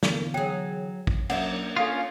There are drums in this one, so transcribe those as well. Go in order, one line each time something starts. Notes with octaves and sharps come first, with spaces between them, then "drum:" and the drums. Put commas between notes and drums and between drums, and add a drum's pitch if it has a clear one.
D3 E3 A#3 B3, drum: snare
F#3 G#4 G5
drum: kick
F#3 A#3 C#4 D4 E5 F#5, drum: cymbal
C#4 F4 A4 F5 D#6 A6